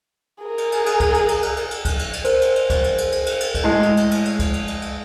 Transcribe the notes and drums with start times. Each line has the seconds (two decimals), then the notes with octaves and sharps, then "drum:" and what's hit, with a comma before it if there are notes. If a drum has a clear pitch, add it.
0.44 G#4 A#4
0.58 drum: cymbal
0.72 drum: cymbal
0.86 drum: cymbal
1.00 drum: kick C#2, cymbal
1.14 drum: cymbal
1.28 drum: cymbal
1.43 drum: cymbal
1.57 drum: cymbal
1.71 drum: cymbal
1.85 drum: kick C#2, cymbal
1.99 drum: cymbal
2.13 drum: cymbal
2.25 A#4 C5, drum: cymbal
2.42 drum: cymbal
2.56 drum: cymbal
2.70 drum: kick C#2, cymbal
2.84 drum: cymbal
2.98 drum: cymbal
3.12 drum: cymbal
3.26 drum: cymbal
3.40 drum: cymbal
3.55 drum: kick C#2, cymbal
3.64 A2 G#3
3.83 drum: cymbal
3.97 drum: cymbal
4.11 drum: cymbal
4.25 drum: cymbal
4.39 drum: kick C#2, cymbal
4.54 drum: cymbal
4.68 drum: cymbal
4.82 drum: cymbal